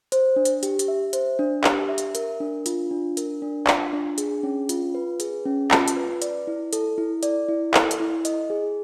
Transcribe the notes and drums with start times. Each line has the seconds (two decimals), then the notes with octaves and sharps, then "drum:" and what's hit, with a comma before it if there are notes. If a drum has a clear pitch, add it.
0.12 C5, drum: hi-hat
0.36 D4
0.45 drum: hi-hat
0.63 G4, drum: hi-hat
0.79 drum: hi-hat
0.88 E5
1.13 C5, drum: hi-hat
1.39 D4
1.64 G4, drum: clap
1.89 E5
1.98 drum: hi-hat
2.15 A#4, drum: hi-hat
2.40 D4
2.66 F4, drum: hi-hat
2.91 D4
3.17 A#4, drum: hi-hat
3.42 D4
3.67 F4, drum: clap
3.93 D4
4.18 G#4, drum: hi-hat
4.43 C#4
4.69 F4, drum: hi-hat
4.95 B4
5.20 G#4, drum: hi-hat
5.46 C#4
5.71 F4, drum: clap
5.88 drum: hi-hat
5.97 B4
6.22 D5, drum: hi-hat
6.47 E4
6.73 A4, drum: hi-hat
6.98 E4
7.23 D5, drum: hi-hat
7.49 E4
7.74 A4, drum: clap
7.91 drum: hi-hat
8.00 E4
8.25 D#5, drum: hi-hat
8.50 G#4